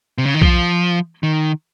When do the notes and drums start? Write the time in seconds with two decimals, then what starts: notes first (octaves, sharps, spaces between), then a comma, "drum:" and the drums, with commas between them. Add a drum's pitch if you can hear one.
0.18 C3
0.25 C#3
0.34 D#3
0.42 F3, drum: kick B1
1.23 D#3